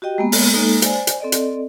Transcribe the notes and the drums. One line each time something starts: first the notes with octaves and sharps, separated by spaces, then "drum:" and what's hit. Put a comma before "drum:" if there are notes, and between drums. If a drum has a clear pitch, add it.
F#4 G4 D#5 G5
G#3 A#3 B3
drum: open hi-hat
G#3 A#3 D#4 A4
C5 D5 G#5, drum: hi-hat
drum: hi-hat
C4 A4 D5 D#5
drum: hi-hat